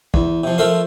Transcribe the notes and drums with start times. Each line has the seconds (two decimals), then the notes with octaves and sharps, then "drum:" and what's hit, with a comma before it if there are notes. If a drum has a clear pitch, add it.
0.14 E2, drum: kick
0.44 C3 F3
0.58 F3 A3 A4 A#4 C5 F5